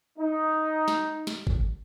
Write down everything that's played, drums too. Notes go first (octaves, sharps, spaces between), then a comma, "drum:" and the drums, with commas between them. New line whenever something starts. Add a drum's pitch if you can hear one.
D#4
drum: snare
drum: snare
drum: kick G1